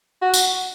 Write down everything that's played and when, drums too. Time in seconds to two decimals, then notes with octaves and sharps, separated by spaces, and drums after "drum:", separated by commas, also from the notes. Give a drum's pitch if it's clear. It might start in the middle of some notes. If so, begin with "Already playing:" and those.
0.22 F#4
0.34 drum: tambourine